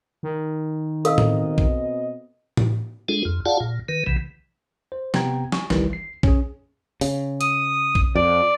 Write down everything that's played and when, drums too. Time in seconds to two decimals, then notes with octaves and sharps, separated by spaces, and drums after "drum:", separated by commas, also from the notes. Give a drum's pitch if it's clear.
0.23 D#3
1.05 B2 C4 A4 D#5 F5 E6, drum: hi-hat
1.18 drum: tom A2
1.58 drum: kick
2.57 drum: tom A2
3.09 G#3 D4 F4 G#4 A4
3.25 F2
3.46 F4 G#4 D5 F5 F#5 A5
3.60 A#2
3.89 D#3 B4
4.07 B1 C3 E3
4.92 C5
5.14 C3 B3 G5 A#5 G#6, drum: snare
5.52 G#5 C#6, drum: snare
5.70 G1 C2 D#3 E3 G3, drum: snare
5.93 C7
6.23 C#4 G#4, drum: kick
7.01 C#3, drum: open hi-hat
7.41 D#6, drum: hi-hat
7.95 drum: kick
8.15 F2 D5